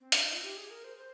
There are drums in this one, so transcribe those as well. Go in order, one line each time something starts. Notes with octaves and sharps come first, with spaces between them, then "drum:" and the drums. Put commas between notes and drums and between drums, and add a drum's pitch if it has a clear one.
C4
D4, drum: hi-hat
D#4
F4
G4
G#4
A#4
C5
C5